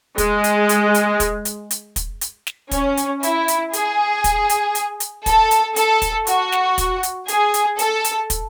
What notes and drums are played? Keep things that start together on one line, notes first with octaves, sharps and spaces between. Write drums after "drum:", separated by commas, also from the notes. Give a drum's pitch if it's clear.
G#3, drum: kick, hi-hat
drum: hi-hat
drum: hi-hat
drum: hi-hat
drum: kick, hi-hat
drum: hi-hat
drum: hi-hat
drum: kick, hi-hat
drum: hi-hat
drum: snare
C#4, drum: kick, hi-hat
drum: hi-hat
E4, drum: hi-hat
drum: hi-hat
G#4, drum: hi-hat
drum: kick, hi-hat
drum: hi-hat
drum: hi-hat
drum: hi-hat
A4, drum: kick, hi-hat
drum: hi-hat
A4, drum: hi-hat
drum: kick, hi-hat
F#4, drum: hi-hat
drum: snare
drum: kick, hi-hat
drum: hi-hat
G#4, drum: hi-hat
drum: hi-hat
A4, drum: hi-hat
drum: hi-hat
drum: kick, hi-hat